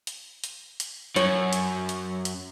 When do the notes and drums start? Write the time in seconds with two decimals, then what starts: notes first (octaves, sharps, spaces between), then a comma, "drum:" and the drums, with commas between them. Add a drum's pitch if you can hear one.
0.07 drum: hi-hat
0.44 drum: hi-hat
0.80 drum: hi-hat
1.16 F#2 C#5, drum: hi-hat
1.53 drum: hi-hat
1.89 drum: hi-hat
2.25 drum: hi-hat